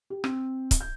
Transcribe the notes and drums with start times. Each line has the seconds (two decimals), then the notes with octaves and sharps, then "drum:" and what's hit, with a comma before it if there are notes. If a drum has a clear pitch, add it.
0.10 G4
0.24 C4, drum: rim click
0.71 drum: kick, hi-hat
0.81 G6